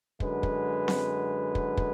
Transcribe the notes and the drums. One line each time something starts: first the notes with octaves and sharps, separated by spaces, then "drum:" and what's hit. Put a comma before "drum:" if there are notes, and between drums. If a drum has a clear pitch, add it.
F#2 D3 G#3 B4, drum: kick
drum: kick
drum: snare C4
drum: kick
drum: kick